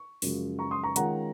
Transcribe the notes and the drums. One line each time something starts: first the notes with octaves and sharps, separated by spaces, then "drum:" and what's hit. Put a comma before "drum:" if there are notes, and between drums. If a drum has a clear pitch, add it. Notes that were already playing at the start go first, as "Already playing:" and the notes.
Already playing: C#6
F#2 C#3 F3 G#3, drum: open hi-hat
A#5 C#6
C6 D#6
A#5 C#6
D#3 G#3 C#4 F4 F#5 A#5, drum: hi-hat